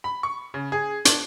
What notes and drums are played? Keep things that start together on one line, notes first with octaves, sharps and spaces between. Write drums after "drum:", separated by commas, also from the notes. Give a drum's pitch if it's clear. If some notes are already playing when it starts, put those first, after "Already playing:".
B5
C#6
C#3
G#4
D4, drum: hi-hat